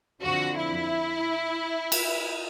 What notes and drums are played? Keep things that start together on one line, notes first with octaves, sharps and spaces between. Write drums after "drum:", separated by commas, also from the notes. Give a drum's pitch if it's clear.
F2 D3 F3 F#4
E4
drum: cymbal